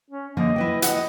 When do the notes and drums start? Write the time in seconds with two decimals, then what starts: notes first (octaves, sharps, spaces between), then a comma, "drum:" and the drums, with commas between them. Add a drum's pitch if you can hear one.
0.11 C#4
0.37 D3 F3 A#3 D#5
0.56 E4 B4 G5
0.82 F#5, drum: hi-hat
0.95 D#5